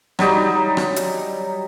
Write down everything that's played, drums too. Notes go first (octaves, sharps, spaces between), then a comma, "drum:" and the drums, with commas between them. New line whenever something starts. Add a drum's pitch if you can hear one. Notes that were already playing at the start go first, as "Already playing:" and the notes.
F#3 G3 D#4, drum: rim click
drum: rim click
drum: hi-hat